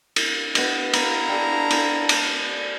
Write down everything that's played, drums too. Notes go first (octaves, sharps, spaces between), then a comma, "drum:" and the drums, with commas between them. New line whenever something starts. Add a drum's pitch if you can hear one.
drum: cymbal
B3 B4 D#5, drum: cymbal
E4 F5 A#5, drum: cymbal
D4 G4 A4
drum: cymbal
drum: cymbal